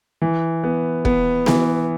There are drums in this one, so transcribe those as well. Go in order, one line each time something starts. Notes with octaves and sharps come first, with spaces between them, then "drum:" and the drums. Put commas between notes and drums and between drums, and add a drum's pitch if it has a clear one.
E3
B3
B3, drum: kick F1
E3, drum: snare B3